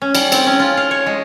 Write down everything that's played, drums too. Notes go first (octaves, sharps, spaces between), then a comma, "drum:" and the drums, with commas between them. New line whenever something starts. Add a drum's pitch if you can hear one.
C#4
G3, drum: cymbal
C4, drum: cymbal
C#4
F4
F5
C#5
G#3